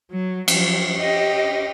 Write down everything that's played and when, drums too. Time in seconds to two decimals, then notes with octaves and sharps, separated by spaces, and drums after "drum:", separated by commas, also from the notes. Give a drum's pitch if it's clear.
0.11 F#3
0.48 F3 F#3, drum: cymbal
0.97 G4 D#5